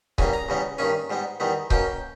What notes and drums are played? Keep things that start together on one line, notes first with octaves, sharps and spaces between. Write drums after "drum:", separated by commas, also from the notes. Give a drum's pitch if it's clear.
E2 C#3 G3 A#3 G#5, drum: kick C#1
A#5
E2 C#3 G3 B3
G2 D#3 A#3 C#4 G#5
G#2 G3 B3
E2 D#3 G3 B3
B2 A#3 C#4 G5, drum: kick C#1